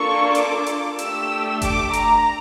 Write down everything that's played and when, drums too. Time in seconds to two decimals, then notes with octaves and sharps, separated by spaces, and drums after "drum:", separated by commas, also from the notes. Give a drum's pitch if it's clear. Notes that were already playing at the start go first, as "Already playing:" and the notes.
Already playing: A#3 D4 F4 A4 C#6
0.35 D6, drum: hi-hat
0.67 drum: hi-hat
0.99 A3 D4 G4 E6, drum: hi-hat
1.62 D6, drum: kick F#1, hi-hat
1.93 A#5, drum: hi-hat